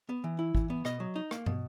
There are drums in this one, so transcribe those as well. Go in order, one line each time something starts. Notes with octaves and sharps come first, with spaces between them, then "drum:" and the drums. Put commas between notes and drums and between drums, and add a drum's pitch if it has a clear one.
B3
E3
E4
E3, drum: kick
B3
B2 D#5, drum: rim click
F#3
D#4
A#3, drum: rim click
B2, drum: tom